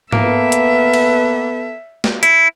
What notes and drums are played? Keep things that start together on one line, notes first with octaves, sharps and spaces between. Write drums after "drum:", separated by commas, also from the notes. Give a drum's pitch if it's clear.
A#3 B3 A4 B4 E5, drum: tom G#2
drum: hi-hat
drum: cymbal
drum: snare
E4, drum: hi-hat